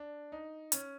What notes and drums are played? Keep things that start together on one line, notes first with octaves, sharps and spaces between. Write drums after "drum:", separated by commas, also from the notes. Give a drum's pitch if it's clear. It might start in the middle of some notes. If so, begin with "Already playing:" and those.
Already playing: D4
D#4
C#4, drum: hi-hat